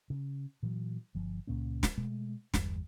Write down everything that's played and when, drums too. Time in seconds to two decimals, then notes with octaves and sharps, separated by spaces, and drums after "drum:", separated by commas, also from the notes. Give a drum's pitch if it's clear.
0.10 C#3
0.63 A#2 E3 F#3
1.15 G1 F3
1.47 C#2 A#2 A#3 C#4
1.83 drum: snare
1.98 B2 G#3 A3
2.54 G1 E2 G3, drum: snare